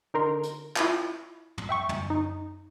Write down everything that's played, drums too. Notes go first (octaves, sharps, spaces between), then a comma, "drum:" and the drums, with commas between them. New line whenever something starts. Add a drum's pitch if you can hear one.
D3 D#4 A#4 C6
drum: hi-hat
E4 F4, drum: clap
drum: tom
E5 G5 C#6
drum: tom
D#4